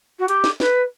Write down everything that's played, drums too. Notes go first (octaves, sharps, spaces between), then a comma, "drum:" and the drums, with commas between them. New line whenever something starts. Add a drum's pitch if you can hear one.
F#4
G4, drum: hi-hat
drum: snare
B4, drum: snare